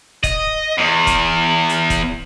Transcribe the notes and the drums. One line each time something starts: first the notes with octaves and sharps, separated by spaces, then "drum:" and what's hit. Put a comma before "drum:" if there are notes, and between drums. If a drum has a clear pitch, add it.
D#5, drum: kick, hi-hat
E2
drum: kick, hi-hat
drum: hi-hat
drum: kick, hi-hat